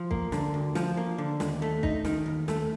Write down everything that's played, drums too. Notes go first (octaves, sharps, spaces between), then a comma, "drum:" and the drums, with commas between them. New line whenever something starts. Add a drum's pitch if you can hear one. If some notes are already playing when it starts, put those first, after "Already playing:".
Already playing: F3
A#3, drum: kick
D3, drum: snare
D2
F3, drum: snare
A#3
D3
D#2, drum: snare
A3
D#4, drum: kick
D#3, drum: snare
D#2
A3, drum: snare